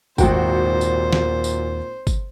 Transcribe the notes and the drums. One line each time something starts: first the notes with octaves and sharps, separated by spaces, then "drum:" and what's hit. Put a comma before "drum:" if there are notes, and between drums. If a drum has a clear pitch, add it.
G#1 D#2 A#2 F#4 C5 G5, drum: kick, tambourine
drum: tambourine
drum: snare
drum: tambourine
drum: kick, tambourine